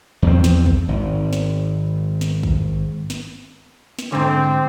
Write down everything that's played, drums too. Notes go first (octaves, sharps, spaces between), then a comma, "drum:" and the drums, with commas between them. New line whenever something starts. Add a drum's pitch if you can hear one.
E2 F3 C4
drum: snare
drum: kick
G#1
drum: snare
drum: snare
drum: kick
drum: snare
drum: snare
G#2 D3 C4